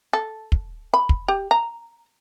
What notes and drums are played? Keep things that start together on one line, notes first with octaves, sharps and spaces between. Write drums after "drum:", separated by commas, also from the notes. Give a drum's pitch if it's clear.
A4
drum: kick
B5
drum: kick
G4
A#5